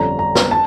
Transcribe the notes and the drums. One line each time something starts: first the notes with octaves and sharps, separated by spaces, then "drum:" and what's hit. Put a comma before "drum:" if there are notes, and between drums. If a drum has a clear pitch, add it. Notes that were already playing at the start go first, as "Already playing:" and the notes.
Already playing: G1 F2 D3 G3 C#4 A#5
A#5
drum: snare
A5